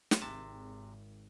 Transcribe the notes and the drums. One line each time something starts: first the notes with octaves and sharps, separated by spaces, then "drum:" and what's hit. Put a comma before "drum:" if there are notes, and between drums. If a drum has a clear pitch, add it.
drum: snare
G#1 C3 A5